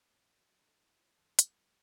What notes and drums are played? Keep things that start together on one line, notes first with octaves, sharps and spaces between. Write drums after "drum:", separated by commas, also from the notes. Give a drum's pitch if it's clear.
B1 A2 C4 C#5 A#6
F3 D4 F#4
D4 D#4 A4
E4 F4 C5 D5 E5
F#2 D#3 A4 A5 C6 B6
F#3 G#3 A#3, drum: hi-hat